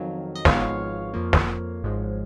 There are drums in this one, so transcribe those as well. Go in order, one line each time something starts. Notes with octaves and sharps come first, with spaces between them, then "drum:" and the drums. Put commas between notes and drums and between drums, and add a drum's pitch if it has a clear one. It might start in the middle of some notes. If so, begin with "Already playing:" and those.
Already playing: F2 D#3 F#3 F5
D#5
G#1 G#2 F3 G#3 B3 C#5 F5, drum: snare
F2 F3 A#3
drum: snare
G#1 G#2 F3 G#3